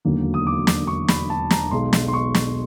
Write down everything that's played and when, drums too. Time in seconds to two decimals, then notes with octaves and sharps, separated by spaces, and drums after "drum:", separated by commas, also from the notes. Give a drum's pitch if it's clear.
0.05 E1 D#2 D3 F#3 A#3
0.34 D#6
0.47 D6
0.67 drum: snare
0.87 C#6
1.08 B5, drum: snare
1.30 A5
1.51 A#5, drum: snare
1.71 B1 B2 G#3 C6
1.93 drum: snare
2.08 C6
2.13 C#6
2.35 drum: snare